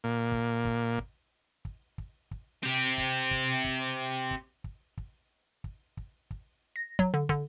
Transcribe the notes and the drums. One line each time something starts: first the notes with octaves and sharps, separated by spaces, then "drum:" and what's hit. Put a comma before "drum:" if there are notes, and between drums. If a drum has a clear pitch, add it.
A#2
drum: kick
drum: kick
drum: kick
drum: kick
drum: kick
drum: kick
C4 G4
drum: kick
drum: kick
drum: kick
drum: kick
drum: kick
drum: kick
drum: kick
drum: kick
drum: kick
A#6
F#3, drum: kick
D3
D3, drum: kick